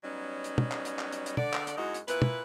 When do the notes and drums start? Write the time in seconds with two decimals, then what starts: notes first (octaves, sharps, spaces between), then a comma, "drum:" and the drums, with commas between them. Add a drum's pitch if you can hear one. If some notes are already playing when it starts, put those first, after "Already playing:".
0.04 F#3 G3 B3 C#4 D#4
0.44 drum: hi-hat
0.58 drum: tom
0.72 drum: clap
0.85 drum: hi-hat
0.99 drum: clap
1.12 drum: hi-hat
1.26 drum: hi-hat
1.37 D3 D5, drum: tom
1.53 drum: clap
1.67 drum: hi-hat
1.77 F#2 G#3 D#4 E4 F#4
1.94 drum: hi-hat
2.08 A#2 E4 B4, drum: hi-hat
2.22 drum: tom